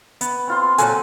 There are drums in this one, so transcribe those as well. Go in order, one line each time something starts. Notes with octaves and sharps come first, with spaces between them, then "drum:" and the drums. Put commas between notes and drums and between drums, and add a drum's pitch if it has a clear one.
B3, drum: hi-hat
C4 F4 C6
A#2 F#3 F#4 A4 G#5, drum: hi-hat